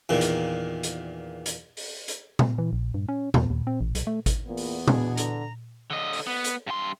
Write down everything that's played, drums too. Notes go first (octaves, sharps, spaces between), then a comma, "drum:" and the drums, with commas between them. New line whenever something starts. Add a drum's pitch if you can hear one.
E2 A#2 D#3
drum: hi-hat
drum: hi-hat
drum: hi-hat
drum: open hi-hat
drum: hi-hat
drum: tom A#2
E3
A#1
G2
C#4
E2, drum: tom A#2
D#2
C4
A1
B1, drum: hi-hat
A3
drum: kick G#1, hi-hat
E2 A#2 B3
drum: open hi-hat
B2 D4 G#4, drum: tom A#2
D3 A#5, drum: hi-hat
D3 D#5
drum: open hi-hat
B3
drum: hi-hat
G2 C6